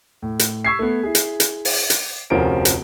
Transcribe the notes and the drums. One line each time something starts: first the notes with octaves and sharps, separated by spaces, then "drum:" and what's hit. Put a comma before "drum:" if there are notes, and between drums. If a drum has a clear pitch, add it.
A2
drum: hi-hat
C#6 E6 G#6 B6 C7
A3 B3
E4 G#4
drum: hi-hat
drum: hi-hat
drum: open hi-hat
drum: hi-hat
F1 D2 F3 C#4 A#4 D7
drum: hi-hat